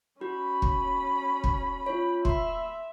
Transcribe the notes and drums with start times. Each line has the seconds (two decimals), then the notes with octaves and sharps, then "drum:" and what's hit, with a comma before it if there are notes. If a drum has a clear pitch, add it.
0.21 C#4 F#4 B5
0.62 drum: kick
1.44 drum: kick
1.86 F4 C#5
2.25 E5 B5 C6, drum: kick